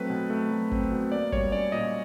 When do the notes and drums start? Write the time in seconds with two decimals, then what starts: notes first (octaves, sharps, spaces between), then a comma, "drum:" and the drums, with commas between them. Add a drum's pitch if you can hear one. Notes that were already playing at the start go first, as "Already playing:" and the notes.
Already playing: F#3 A3 C4 B4
0.10 B2
0.30 A3
0.51 F#3
0.71 C4, drum: kick G#1
0.91 B2
1.12 A#3 D5
1.32 G3 C#5, drum: kick G#1
1.52 C#4 D5
1.72 A#2 D#5